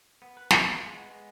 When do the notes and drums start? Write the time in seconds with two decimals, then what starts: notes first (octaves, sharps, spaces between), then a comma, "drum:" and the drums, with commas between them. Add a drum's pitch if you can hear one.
0.22 B3
0.37 B4
0.51 B4, drum: snare
0.65 F4
0.80 G#3
0.95 B3
1.09 G#3